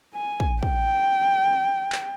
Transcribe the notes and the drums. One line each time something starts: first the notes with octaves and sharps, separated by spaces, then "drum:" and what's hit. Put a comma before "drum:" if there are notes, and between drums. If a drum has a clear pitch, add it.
G#5
drum: kick
G5, drum: kick
drum: clap